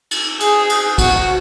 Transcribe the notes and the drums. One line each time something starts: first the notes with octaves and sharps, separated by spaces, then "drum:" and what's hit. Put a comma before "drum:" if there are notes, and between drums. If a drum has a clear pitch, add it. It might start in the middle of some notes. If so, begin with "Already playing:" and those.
drum: cymbal
G#4, drum: cymbal
drum: cymbal
F#4, drum: kick, cymbal